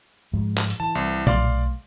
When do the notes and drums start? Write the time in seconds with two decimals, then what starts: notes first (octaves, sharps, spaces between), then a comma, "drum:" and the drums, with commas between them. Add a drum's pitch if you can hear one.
0.33 G#2 F3 G#3
0.57 drum: clap
0.70 drum: hi-hat
0.80 E3 A5
0.95 C2
1.27 B1 A3 D5 F5 C6, drum: tom A#2